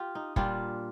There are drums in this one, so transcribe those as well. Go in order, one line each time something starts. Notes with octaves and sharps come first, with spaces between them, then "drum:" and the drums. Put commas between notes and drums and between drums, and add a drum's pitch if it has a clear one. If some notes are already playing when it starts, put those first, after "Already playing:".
Already playing: F4 G4
D#4
A#2 G3 D4 F4, drum: kick